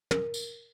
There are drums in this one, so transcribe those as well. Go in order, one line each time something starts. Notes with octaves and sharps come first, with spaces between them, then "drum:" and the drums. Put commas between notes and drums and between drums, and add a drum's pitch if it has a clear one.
A#4, drum: tom
drum: tambourine